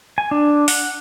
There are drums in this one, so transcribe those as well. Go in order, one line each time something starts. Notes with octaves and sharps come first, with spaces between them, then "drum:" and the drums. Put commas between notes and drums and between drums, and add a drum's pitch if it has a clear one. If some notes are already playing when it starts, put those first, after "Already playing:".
G#5
D4
F#5, drum: open hi-hat